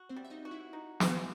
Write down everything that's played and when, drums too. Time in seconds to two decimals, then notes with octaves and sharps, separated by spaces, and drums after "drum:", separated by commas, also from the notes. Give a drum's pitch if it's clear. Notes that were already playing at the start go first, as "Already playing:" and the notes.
Already playing: F#4
0.09 C4 C5
0.16 G3
0.25 E5
0.30 D#4 D#5
0.45 F#4
0.51 E4 E5
0.73 D#4
1.00 E3, drum: snare